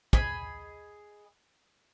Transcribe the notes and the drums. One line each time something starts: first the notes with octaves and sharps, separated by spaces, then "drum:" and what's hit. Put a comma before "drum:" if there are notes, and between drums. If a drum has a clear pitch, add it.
G#4 D#5 B5, drum: kick